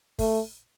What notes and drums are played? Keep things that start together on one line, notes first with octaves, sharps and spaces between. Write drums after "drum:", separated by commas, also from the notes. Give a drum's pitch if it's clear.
A3, drum: kick, open hi-hat